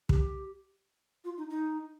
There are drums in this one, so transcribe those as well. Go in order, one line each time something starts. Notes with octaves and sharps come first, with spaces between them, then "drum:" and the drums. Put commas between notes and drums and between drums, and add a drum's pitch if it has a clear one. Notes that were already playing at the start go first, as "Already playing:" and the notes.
G4, drum: kick
F4
D#4
D#4